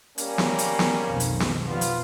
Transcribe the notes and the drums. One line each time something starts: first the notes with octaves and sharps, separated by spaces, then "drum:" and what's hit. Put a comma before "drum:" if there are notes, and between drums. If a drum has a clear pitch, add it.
G3 A#3 C#4, drum: hi-hat
drum: snare
drum: hi-hat
drum: snare
B1 F2 D#3
drum: hi-hat
drum: snare
B2 F3 G3 B3 F4
drum: hi-hat